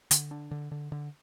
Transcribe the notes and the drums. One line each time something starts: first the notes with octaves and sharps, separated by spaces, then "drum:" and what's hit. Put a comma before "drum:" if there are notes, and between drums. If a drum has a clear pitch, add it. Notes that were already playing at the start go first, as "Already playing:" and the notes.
D3, drum: hi-hat
D4
D3
D3
D3